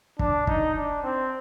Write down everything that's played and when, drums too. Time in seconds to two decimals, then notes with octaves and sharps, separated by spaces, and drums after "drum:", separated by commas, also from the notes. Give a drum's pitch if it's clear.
0.19 D4, drum: kick
0.47 D#4, drum: kick
0.76 D4
1.03 C4